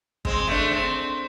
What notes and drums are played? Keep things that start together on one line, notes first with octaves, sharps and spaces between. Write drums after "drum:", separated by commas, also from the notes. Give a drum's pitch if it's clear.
G#3 C4, drum: kick
A3 D4
C4